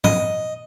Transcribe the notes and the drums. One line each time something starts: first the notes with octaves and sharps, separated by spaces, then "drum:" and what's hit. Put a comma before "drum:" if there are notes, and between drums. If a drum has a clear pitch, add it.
D#5, drum: tom G#2